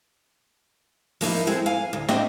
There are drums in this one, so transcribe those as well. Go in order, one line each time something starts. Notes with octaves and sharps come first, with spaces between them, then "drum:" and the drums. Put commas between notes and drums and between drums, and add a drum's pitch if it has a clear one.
F3 A#3 D#4 E4, drum: open hi-hat
G#3 C4 A4
F5 G#5
D2
C4 D4 E4 D#5 G5, drum: snare